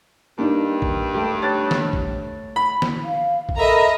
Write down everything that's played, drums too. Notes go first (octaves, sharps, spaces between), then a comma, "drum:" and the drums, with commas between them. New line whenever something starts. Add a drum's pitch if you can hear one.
G2 A#3 D4 D#4
drum: kick
A3 G4
C#5 F#6 A6
drum: snare
drum: kick
B5
drum: snare
F5
drum: kick
A4 A#4 D#5 E5 A#5 B5